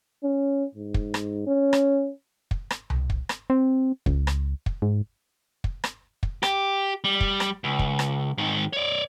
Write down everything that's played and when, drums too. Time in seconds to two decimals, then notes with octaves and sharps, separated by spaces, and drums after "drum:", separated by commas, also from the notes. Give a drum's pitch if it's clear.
0.24 C#4
0.75 G#2
0.94 drum: kick
1.14 drum: rim click
1.47 C#4
1.73 drum: rim click
2.51 drum: kick
2.70 drum: rim click
2.90 drum: tom C2
3.10 drum: kick
3.29 drum: rim click
3.50 C4
4.06 C#2, drum: kick
4.27 drum: rim click
4.66 drum: kick
4.82 G#2
5.64 drum: kick
5.84 drum: rim click
6.23 drum: kick
6.43 G4, drum: rim click
7.04 G3
7.21 drum: kick
7.40 drum: rim click
7.64 C#2
7.79 drum: kick
7.99 drum: rim click
8.38 G#2 D#3
8.73 C#5 D5